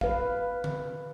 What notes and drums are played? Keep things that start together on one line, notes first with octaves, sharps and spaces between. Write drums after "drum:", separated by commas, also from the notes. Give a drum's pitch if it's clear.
B4 F5, drum: kick
drum: tom D3